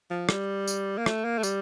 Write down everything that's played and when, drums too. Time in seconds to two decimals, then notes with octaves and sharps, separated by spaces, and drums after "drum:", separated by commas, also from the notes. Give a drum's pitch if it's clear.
0.10 F3
0.29 G3, drum: rim click
0.67 drum: tambourine
0.98 A#3
1.06 A3, drum: rim click
1.25 A#3
1.38 A3
1.43 G3, drum: tambourine